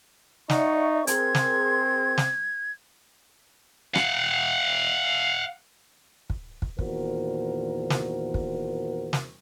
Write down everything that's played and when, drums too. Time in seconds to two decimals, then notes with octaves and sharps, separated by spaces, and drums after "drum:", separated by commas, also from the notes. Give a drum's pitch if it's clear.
0.50 D#4 D5 E5 F#5 C#6, drum: snare
1.07 C4 G#4 A#4 C6 G#6, drum: hi-hat
1.35 drum: snare
2.18 drum: snare
3.95 F5 F#5, drum: rim click
6.30 drum: kick
6.62 drum: kick
6.79 E2 A#2 D#3 F#4 A#4 C5, drum: kick
7.90 drum: snare
8.34 drum: kick
9.13 drum: snare